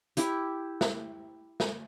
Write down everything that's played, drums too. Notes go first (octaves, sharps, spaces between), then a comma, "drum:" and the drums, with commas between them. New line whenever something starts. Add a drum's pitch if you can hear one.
E4 G4, drum: hi-hat
drum: snare
drum: snare